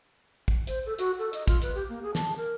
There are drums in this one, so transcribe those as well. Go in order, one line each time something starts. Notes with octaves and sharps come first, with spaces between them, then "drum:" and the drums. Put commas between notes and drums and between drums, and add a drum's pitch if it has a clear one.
drum: kick
C5, drum: hi-hat
A4
F#4, drum: hi-hat
A4
D#5, drum: hi-hat
F4, drum: kick, hi-hat
B4, drum: hi-hat
G4
A#3
G#4
A5, drum: snare
A#4